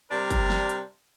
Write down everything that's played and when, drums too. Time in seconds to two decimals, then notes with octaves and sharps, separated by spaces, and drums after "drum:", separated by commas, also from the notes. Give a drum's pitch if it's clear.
0.11 C3 G3 D4 A#4
0.30 drum: kick F#1, hi-hat
0.50 drum: snare
0.69 drum: hi-hat